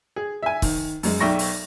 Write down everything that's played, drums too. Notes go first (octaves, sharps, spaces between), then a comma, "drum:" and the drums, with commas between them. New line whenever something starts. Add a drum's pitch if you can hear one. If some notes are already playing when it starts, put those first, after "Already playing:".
G#4
E5 G#5
D#3, drum: kick, open hi-hat
F#2 G#3, drum: open hi-hat
B1 D5 E5 G5 C#6 A#6
drum: open hi-hat